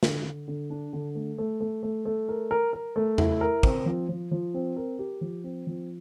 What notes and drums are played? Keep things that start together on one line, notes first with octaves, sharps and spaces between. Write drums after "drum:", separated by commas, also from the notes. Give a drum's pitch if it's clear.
D3, drum: snare
D3
D3
D4
D3
A3
A3
A3
A3
A3
A#4
A#4
A#4
A3
E4, drum: tom E2
A#4
C4, drum: kick
F3
F3
F3
C4
A#4
G4
F3
C4
F3